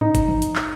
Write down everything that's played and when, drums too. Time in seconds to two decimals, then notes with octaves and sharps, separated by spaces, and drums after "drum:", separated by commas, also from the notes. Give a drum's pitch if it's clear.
0.01 D#4, drum: tom G2
0.15 drum: kick, hi-hat
0.28 drum: tom E3
0.42 drum: hi-hat
0.56 drum: clap